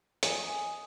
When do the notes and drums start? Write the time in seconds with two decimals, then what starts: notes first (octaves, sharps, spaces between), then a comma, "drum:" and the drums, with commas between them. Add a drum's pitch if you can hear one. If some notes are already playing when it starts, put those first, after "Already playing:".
0.23 D#5 G#5, drum: hi-hat